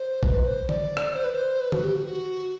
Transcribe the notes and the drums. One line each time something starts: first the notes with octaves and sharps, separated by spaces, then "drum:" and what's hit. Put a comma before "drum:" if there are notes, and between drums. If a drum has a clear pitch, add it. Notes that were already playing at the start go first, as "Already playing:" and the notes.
Already playing: C5
B4, drum: kick A#1
C5
D5, drum: tom D3
drum: rim click
C5
B4
C5
B4
F#4, drum: tom D3
G4
F#4
F#4